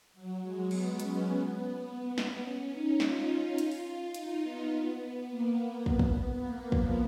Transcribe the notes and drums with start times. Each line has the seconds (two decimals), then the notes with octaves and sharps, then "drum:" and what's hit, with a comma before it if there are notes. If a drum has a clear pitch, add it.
0.14 F#3
0.43 G#3
0.71 B3, drum: cymbal
1.00 C#4, drum: hi-hat
1.29 B3
2.18 drum: snare
2.43 C#4
2.72 D#4
3.00 F4, drum: snare
3.58 drum: hi-hat
3.71 drum: open hi-hat
4.14 D#4, drum: hi-hat
4.43 B3
5.29 A#3
5.86 B3, drum: kick
5.99 drum: kick
6.43 A#3
6.72 F3, drum: kick